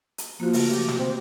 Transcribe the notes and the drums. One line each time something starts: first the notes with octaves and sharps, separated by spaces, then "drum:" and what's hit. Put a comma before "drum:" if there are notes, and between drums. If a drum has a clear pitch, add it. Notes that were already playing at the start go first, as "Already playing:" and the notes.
drum: hi-hat
F3 A#3 F#4
C#3 A3, drum: open hi-hat
G4
drum: snare
C4